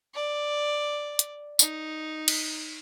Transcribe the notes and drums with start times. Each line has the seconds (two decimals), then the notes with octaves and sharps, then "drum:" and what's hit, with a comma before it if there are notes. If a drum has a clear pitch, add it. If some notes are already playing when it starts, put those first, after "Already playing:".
0.14 D5
1.19 drum: hi-hat
1.59 D#4, drum: tambourine
2.28 drum: cymbal